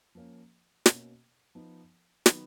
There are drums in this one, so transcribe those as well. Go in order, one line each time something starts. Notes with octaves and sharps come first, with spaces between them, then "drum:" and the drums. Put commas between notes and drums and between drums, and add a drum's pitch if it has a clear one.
F3 A#3 C#4
B2 A#3 C#4, drum: snare
F3 B3 D#4
D#3 F#3 B3 D#4, drum: snare